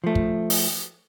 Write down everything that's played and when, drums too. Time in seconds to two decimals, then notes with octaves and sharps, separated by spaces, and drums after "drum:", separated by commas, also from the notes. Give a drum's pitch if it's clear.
0.04 F3 A3
0.15 drum: kick
0.50 drum: open hi-hat